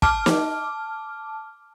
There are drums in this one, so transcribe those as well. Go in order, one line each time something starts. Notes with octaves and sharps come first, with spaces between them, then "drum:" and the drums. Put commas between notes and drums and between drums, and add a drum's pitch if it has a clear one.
A5 D6 F6, drum: kick
drum: snare